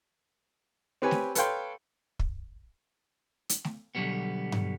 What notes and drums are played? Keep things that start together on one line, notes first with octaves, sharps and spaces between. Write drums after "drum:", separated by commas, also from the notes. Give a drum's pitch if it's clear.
C4 G4 B4 C#5 G#5
drum: snare A3
A4 B4 C#5 F5 G5 C6, drum: hi-hat
drum: kick
drum: hi-hat
drum: snare A3
B2 D3 F#3 G3 B3
drum: tom G2